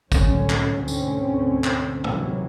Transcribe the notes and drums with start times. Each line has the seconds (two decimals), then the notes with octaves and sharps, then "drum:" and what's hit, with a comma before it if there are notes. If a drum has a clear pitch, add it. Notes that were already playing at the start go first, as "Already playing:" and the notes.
0.12 C2 A2 D3 F#3 C#4, drum: kick, tambourine
0.50 drum: clap
0.76 D2 G#2 B2 D3 C4 C#4
0.88 drum: tambourine
1.64 drum: clap
2.04 D#2 C3 E3 F#3, drum: tom